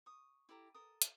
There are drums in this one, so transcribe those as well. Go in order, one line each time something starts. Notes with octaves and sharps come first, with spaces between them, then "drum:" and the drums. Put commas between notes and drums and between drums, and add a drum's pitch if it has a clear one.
C#6 D#6
E4 G4 A4 A#5
A4 A#4 D#6
drum: hi-hat